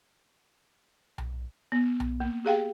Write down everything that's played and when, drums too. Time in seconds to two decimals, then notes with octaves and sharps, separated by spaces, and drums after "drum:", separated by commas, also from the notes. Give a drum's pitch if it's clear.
1.18 drum: tom B1
1.72 B3
2.00 drum: tom B1
2.20 A#3
2.45 G4 G#4 F5 G5